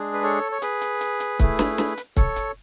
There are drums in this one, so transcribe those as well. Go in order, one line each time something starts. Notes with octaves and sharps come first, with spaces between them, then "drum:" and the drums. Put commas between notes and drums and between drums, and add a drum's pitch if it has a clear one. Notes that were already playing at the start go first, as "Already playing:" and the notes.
Already playing: G#3 D4 G#4
B4
A4 C#5
C#5
G#4 B4, drum: hi-hat
drum: hi-hat
drum: hi-hat
drum: hi-hat
A3 E4 G#4, drum: kick C#1, hi-hat
drum: snare
drum: snare
drum: hi-hat
A4 C#5, drum: kick C#1, hi-hat
drum: hi-hat